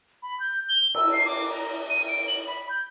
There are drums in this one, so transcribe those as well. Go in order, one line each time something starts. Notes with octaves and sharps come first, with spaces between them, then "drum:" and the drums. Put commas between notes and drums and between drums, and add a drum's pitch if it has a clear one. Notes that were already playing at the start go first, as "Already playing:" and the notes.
B5
G6
G7
E6, drum: cymbal
C7
D6
A#5
D#7
D7
F#7
B5
G6